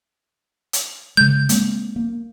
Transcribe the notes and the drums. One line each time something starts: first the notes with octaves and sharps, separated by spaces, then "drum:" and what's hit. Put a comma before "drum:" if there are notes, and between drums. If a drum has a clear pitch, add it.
drum: hi-hat
C#3 G#3 G6
G#3 A#3 C4, drum: hi-hat
A#3